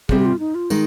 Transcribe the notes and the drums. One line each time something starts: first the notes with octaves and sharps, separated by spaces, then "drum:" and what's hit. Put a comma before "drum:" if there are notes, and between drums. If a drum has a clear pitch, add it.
D2 C3 G3 C4 G#4, drum: kick
G4
F4
D#4
F4
D#3 G#3 D#4, drum: tambourine